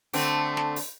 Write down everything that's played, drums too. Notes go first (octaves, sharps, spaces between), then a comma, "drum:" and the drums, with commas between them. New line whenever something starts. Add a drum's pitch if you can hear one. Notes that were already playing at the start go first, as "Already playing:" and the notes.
D3 A3 C4, drum: open hi-hat
drum: snare
drum: open hi-hat